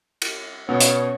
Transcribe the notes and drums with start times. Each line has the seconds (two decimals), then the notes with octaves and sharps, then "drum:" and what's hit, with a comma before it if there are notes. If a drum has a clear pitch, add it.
0.22 drum: cymbal
0.69 B2 B3 C#4 C#5
0.80 drum: hi-hat